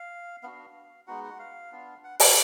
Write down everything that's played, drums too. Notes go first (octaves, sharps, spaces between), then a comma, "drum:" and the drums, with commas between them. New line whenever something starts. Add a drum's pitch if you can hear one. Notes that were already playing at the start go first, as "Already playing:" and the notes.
Already playing: F5
B3 D4 F#4 F5
G#3 B3 D#4 F#4 F#5
F#5
F5
B3 D4 F4
F#5
F#5, drum: open hi-hat